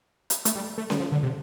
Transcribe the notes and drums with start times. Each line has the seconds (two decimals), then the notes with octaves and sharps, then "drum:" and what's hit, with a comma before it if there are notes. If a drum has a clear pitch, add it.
0.30 drum: hi-hat
0.45 A3, drum: hi-hat
0.55 G3
0.78 A3
0.90 G3, drum: snare C#4
1.00 F3
1.12 D3
1.23 C3